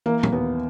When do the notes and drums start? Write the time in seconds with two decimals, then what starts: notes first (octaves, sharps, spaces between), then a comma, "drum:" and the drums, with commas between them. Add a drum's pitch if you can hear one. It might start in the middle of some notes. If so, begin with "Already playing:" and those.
0.06 E3 A#3
0.23 drum: tom
0.32 D#2 B3